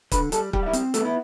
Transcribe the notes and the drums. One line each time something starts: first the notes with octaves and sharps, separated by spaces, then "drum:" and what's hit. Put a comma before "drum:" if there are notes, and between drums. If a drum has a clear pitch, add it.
D3 B4 B5, drum: kick, hi-hat
G3 A4 A5, drum: hi-hat
G3 G4 G5, drum: kick
F5
E4 E5
C4, drum: hi-hat
A3 B3 A4, drum: hi-hat
E4